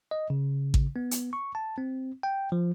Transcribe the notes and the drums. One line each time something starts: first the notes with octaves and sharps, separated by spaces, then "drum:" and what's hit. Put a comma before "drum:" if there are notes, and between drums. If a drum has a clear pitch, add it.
D#5
C#3
drum: kick A1
B3
drum: hi-hat
C#6
A5
C4
G5
F3